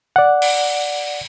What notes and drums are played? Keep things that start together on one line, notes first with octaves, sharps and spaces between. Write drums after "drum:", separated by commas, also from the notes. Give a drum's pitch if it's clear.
D5 F#5
drum: open hi-hat